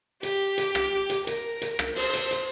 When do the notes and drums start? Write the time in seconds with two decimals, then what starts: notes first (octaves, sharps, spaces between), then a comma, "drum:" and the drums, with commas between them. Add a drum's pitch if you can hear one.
0.23 G4, drum: hi-hat
0.58 drum: hi-hat
0.75 drum: rim click
1.10 drum: hi-hat
1.27 A#4, drum: hi-hat
1.62 drum: hi-hat
1.79 drum: rim click
1.96 C5, drum: open hi-hat
2.14 drum: hi-hat
2.31 drum: hi-hat